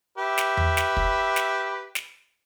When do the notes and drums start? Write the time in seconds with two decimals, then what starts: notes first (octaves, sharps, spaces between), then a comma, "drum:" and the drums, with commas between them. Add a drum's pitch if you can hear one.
0.18 G4 B4 E5
0.38 drum: snare
0.57 drum: tom E2
0.77 drum: snare
0.97 drum: kick
1.36 drum: snare
1.95 drum: snare